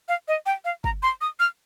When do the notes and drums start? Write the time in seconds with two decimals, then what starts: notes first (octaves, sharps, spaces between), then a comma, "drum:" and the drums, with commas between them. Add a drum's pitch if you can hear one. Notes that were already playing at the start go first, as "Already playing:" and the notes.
0.09 F5
0.28 D#5
0.46 G5
0.65 F5
0.84 A#5, drum: kick
1.03 C6
1.21 D#6
1.40 F6